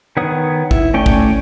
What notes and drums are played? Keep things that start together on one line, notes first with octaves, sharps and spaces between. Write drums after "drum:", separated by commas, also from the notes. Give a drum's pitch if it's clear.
D#3 B3 C#5 F#5 D#6
E4, drum: kick
A3 C#4 C#5 D5 G5
drum: kick